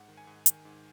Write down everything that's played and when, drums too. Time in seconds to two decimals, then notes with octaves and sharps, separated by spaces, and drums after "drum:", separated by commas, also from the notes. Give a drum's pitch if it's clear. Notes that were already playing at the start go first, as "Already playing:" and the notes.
Already playing: G#2 F#5
0.08 D#3
0.17 G#5
0.27 G#2
0.46 D#3, drum: hi-hat
0.65 G#2